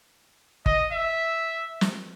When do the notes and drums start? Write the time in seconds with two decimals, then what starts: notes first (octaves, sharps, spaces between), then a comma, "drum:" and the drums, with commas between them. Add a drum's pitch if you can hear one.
0.66 D#5, drum: kick G1
0.93 E5
1.81 drum: snare